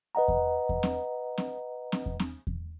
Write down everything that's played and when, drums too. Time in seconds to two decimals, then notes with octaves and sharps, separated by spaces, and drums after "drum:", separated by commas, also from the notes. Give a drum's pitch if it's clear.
0.15 B4 D#5 F#5 A#5
0.28 drum: kick E2
0.69 drum: kick E2
0.83 drum: snare C4
1.38 drum: snare C4
1.92 drum: snare C4
2.06 drum: kick E2
2.20 drum: snare C4
2.47 drum: kick E2